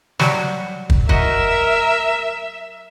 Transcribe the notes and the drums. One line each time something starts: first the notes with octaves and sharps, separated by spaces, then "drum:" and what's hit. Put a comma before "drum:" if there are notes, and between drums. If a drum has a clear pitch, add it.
F#3 G3 F#4, drum: snare
drum: kick
F#4 A#4 D#5 E5, drum: kick